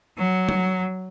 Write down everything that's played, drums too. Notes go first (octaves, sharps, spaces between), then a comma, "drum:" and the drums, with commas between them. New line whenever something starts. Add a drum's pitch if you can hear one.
F#3
drum: tom